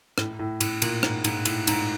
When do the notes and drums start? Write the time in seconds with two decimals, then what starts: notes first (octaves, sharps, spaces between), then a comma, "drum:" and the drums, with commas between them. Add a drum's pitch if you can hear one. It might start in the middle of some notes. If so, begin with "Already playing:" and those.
0.18 A2, drum: rim click
0.39 A2
0.61 A2, drum: cymbal
0.82 A#2, drum: cymbal
1.03 G#2, drum: rim click
1.24 G#2, drum: cymbal
1.45 A2, drum: cymbal
1.67 G#2, drum: cymbal